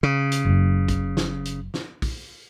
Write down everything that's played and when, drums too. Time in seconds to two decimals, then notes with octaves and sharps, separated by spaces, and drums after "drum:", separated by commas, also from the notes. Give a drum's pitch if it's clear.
0.03 C#3
0.32 drum: hi-hat
0.45 F#1 F#2
0.88 drum: kick, hi-hat
1.17 drum: snare
1.45 drum: hi-hat
1.74 drum: snare
2.02 drum: kick, open hi-hat